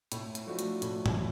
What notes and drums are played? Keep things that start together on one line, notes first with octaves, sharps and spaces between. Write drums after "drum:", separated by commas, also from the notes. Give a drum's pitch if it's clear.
A2, drum: hi-hat
drum: hi-hat
F3 A3 D4 F#4
drum: hi-hat
A2, drum: hi-hat
drum: tom G#2